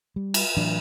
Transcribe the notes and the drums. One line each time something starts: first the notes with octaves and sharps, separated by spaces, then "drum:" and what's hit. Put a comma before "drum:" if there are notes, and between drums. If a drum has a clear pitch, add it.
G3
drum: cymbal
A2 E3 F#3 D4